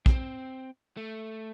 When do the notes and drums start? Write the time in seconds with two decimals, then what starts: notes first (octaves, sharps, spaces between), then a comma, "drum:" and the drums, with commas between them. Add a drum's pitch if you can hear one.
0.06 C4, drum: kick
0.97 A3